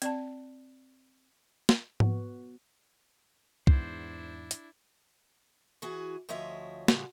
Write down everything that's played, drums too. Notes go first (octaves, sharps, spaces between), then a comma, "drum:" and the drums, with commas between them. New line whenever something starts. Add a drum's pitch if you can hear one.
C4 D5 A5, drum: hi-hat
drum: snare
B3 F#4, drum: tom G#2
E2 G#2 E3 B3 D4 E4 C5, drum: kick C2
drum: hi-hat
E3 F#4 G#4
D2 F3 C#5 D#5 E5
A2 C#3 F3 G3 F#4, drum: snare